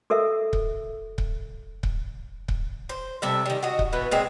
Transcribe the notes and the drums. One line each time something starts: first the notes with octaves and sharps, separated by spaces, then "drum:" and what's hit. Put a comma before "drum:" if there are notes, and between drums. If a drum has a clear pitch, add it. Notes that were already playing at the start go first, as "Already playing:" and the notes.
F#4 A4 A#4 E5
drum: kick C#1
drum: kick C#1
drum: kick C#1
drum: kick C#1
C5
C3 G3 A4 E5
D#3 G3
F#4 D#5
drum: kick C#1
B2 E3 B3
A#2 G#3 C4 G#4